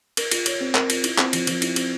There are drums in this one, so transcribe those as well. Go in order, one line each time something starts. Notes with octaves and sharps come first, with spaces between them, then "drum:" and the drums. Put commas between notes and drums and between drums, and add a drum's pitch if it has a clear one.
A#4, drum: cymbal
F4, drum: cymbal
C#5, drum: cymbal
C4
A#4, drum: clap
F4, drum: cymbal
E4, drum: cymbal
C4, drum: clap
F3, drum: cymbal
F3, drum: cymbal
E4, drum: cymbal
C4, drum: cymbal